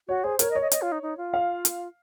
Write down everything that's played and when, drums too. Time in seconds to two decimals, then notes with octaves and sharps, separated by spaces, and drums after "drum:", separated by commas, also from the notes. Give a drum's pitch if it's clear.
0.08 F#4 C#5
0.24 G#4 C5
0.39 A#4 C#5, drum: hi-hat
0.51 D#5
0.55 C#5
0.61 D#5
0.71 D#5, drum: hi-hat
0.82 F4
0.92 D#4
1.02 D#4
1.17 F4
1.34 F5
1.65 drum: hi-hat